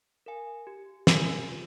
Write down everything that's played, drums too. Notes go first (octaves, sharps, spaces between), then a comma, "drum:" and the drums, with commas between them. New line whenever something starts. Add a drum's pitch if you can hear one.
A#4 F5 G#5
G4
A#4 F5 G#5, drum: snare
F4